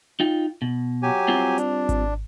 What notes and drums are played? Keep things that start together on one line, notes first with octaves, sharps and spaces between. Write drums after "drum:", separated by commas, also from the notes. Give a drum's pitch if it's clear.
D#4 F4 G5
B2
F#3 G4 G#5
G3 C4 F4
D4, drum: hi-hat
drum: kick G#1, hi-hat